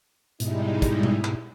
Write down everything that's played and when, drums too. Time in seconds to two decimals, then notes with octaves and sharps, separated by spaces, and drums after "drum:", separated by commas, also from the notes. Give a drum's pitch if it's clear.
0.40 G#2 B2 G3 G#3 D#4 E4, drum: hi-hat
0.82 drum: kick, hi-hat
1.03 drum: tom A#2
1.24 drum: clap